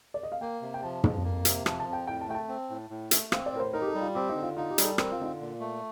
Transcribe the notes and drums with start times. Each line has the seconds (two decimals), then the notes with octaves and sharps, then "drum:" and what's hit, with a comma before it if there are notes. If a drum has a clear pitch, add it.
0.14 D5
0.23 D#5
0.32 F5
0.41 A#3 G5
0.62 C3
0.74 G5
0.83 F3 A5
1.04 F2, drum: tom
1.24 A#3
1.45 C3, drum: hi-hat
1.66 F3 A5, drum: rim click
1.80 A5
1.87 F2
1.93 G5
2.07 A2 G5
2.21 A5
2.28 A3 G5
2.35 A5
2.49 C4
2.70 A2
2.90 A2
3.11 A3, drum: hi-hat
3.32 C4 F5, drum: rim click
3.46 D5
3.53 A2 A#4
3.60 C5
3.73 D#4 A#4
3.82 G4
3.87 A4
3.95 G3
4.01 F4
4.15 C4 G4
4.29 D#4
4.36 D3
4.43 F4
4.56 D#4 F4
4.70 G4
4.78 G3, drum: hi-hat
4.84 A4
4.98 C4 A#4, drum: rim click
5.12 F4
5.19 D3 D#4
5.26 F4
5.40 A#2
5.60 A3